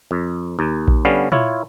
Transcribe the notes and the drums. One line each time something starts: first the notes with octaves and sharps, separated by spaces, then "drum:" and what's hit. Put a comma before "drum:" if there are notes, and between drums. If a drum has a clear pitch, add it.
F2
D#2
drum: kick A#1
D3 G3 B3 C#4 F5
E4 F4 C#5, drum: tom A#2